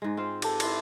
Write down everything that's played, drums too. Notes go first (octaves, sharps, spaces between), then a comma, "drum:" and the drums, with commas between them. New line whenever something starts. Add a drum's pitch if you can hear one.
G#2 G#3
C4 F4 C5
G4 A4, drum: cymbal
E4 C6, drum: cymbal